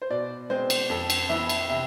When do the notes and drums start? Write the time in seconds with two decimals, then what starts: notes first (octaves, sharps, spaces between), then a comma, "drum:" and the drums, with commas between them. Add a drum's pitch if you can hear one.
0.02 C5
0.10 B2 D5
0.50 G#3 C4 C5
0.70 drum: cymbal
0.89 F2 A4
1.10 drum: cymbal
1.29 E3 B3 E4 E5
1.49 drum: cymbal
1.70 C3 E5